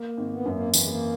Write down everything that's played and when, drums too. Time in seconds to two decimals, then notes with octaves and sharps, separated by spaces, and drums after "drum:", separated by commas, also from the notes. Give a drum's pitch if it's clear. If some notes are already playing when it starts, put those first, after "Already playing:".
Already playing: A#3
0.17 G#1
0.31 B3
0.45 F#2
0.53 A#3
0.74 E3 A#3, drum: tambourine
0.81 G#3
0.88 A#3